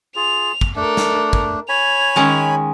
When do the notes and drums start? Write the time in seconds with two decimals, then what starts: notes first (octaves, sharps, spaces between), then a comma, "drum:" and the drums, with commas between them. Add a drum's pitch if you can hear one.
0.16 F4 G#4 F7
0.61 drum: kick
0.76 A3 D4 A4 A#4
0.97 drum: snare
1.33 drum: kick
1.69 C#5 G#5 B5 F7
2.16 D#3 G#3 C#4